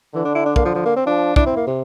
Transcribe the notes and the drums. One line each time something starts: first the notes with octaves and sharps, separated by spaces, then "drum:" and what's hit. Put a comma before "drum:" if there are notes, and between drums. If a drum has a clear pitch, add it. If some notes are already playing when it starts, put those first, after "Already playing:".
D3 E3
D4
E4
D4
A#3, drum: kick
F3
F3
A#3
C4
F3 D4
D4 E4, drum: kick
C4
A#3
C3